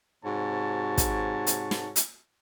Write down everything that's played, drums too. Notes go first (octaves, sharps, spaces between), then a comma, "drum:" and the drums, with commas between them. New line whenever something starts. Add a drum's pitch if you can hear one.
G#2 C3 F#4 C#5 A5
drum: kick, hi-hat
drum: hi-hat
drum: snare
drum: hi-hat